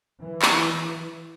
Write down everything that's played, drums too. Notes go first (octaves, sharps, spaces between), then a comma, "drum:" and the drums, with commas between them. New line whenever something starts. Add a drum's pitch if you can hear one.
E3
drum: clap